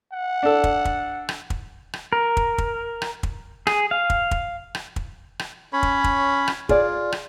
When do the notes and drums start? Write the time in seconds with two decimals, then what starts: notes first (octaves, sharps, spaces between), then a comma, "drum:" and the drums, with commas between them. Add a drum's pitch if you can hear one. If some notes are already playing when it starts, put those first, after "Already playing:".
0.13 F#5
0.43 D4 A4
0.64 drum: kick
0.85 drum: kick
1.29 drum: rim click
1.50 drum: kick
1.93 drum: rim click
2.13 A#4
2.37 drum: kick
2.58 drum: kick
3.02 drum: rim click
3.23 drum: kick
3.67 G#4, drum: rim click
3.91 F5
4.10 drum: kick
4.31 drum: kick
4.75 drum: rim click
4.96 drum: kick
5.39 drum: rim click
5.73 C#4 C#5 B5
5.83 drum: kick
6.04 drum: kick
6.48 drum: rim click
6.69 F4 G#4 D5, drum: kick
7.12 drum: rim click